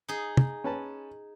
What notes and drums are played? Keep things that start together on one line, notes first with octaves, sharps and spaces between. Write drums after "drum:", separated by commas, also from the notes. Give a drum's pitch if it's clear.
D#4 G#4
drum: tom
C#4 B4 A5